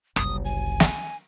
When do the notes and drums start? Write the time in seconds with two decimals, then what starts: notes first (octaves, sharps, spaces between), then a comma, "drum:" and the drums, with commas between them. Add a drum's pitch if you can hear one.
0.16 F#1 C2 D#6, drum: rim click
0.45 G#5
0.80 drum: snare